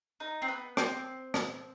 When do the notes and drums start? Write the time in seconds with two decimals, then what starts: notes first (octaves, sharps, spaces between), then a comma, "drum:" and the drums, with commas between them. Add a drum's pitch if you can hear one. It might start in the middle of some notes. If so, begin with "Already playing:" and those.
0.20 D#4
0.42 C4
0.48 B3
0.77 C4, drum: rim click
1.34 drum: rim click